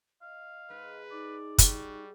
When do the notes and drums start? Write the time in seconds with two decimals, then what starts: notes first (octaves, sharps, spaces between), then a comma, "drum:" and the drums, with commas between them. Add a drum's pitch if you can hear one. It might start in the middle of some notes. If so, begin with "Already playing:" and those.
0.21 D#5 F5
0.70 G#2 B4
1.11 D#4 D5
1.58 G3 F#4, drum: kick, hi-hat